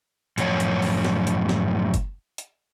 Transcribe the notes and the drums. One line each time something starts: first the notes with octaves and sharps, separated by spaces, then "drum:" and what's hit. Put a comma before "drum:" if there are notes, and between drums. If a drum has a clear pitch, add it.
F#2 A2 F3 C#5, drum: hi-hat
drum: hi-hat
drum: open hi-hat
drum: snare
drum: hi-hat
drum: snare
drum: kick F#1, hi-hat
drum: hi-hat